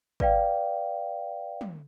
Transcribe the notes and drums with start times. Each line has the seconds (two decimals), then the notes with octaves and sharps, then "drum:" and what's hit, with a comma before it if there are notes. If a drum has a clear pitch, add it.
0.20 B4 D5 F5 G5, drum: kick
1.61 drum: tom